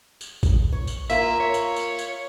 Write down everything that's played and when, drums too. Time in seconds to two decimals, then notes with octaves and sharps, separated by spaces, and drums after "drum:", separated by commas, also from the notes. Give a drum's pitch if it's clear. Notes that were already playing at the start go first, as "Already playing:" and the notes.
0.21 drum: tambourine
0.43 drum: kick A1, tambourine
0.72 C#5
0.87 drum: tambourine
1.10 A#3 F4 A#4 E5, drum: tambourine
1.40 C#5
1.54 drum: tambourine
1.76 drum: tambourine
1.99 drum: tambourine